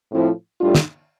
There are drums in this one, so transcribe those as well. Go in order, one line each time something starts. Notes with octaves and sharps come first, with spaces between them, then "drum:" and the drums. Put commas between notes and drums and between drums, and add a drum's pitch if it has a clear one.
A2 F3 C4 E4
A2 G3 D4 F4
drum: snare